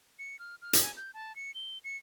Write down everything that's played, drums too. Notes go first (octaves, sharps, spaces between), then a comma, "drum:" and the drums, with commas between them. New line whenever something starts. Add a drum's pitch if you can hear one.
C#7
F6
F6
drum: hi-hat
G#5
G6
A5
C#7
G7
C#7